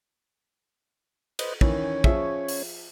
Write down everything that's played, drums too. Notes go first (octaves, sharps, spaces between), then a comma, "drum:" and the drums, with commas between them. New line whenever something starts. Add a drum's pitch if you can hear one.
B4 C5 D#5, drum: cymbal
D#3 E3 C#4 C#5, drum: kick
F3 G#4 E5, drum: kick
drum: open hi-hat